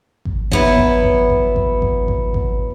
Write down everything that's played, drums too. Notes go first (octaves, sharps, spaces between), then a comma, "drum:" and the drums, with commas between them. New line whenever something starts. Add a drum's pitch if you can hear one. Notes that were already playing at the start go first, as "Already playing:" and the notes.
drum: kick G#1
F#3 B3 E4, drum: kick G#1
drum: kick G#1
drum: kick G#1
drum: kick G#1
drum: kick G#1
drum: kick G#1
drum: kick G#1
drum: kick G#1